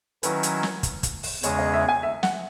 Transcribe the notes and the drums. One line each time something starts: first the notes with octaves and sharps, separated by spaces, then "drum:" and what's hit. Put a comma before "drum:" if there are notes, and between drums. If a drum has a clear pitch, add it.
D#3 F#3 C#4 E4 B4, drum: hi-hat
drum: hi-hat
drum: snare
drum: kick, hi-hat
drum: kick, hi-hat
drum: open hi-hat
E2 C#3 G#3 C#4 G#4 C#5, drum: hi-hat
D#5
E5
G#5
E5
F#5, drum: snare